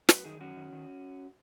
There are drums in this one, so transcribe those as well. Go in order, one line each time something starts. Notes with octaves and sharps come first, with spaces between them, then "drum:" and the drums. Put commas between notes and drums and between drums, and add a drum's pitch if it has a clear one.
F#2 F#4 B4, drum: snare
D#3 D#4 G#4
F#2 C#4 F#4
D#3
D#3